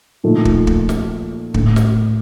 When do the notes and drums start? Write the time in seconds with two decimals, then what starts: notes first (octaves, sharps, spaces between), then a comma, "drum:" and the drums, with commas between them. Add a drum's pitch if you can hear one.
0.24 A#2 F3 A3 D#4
0.45 drum: kick
0.67 drum: kick
0.89 drum: snare
1.54 A2, drum: kick
1.76 drum: snare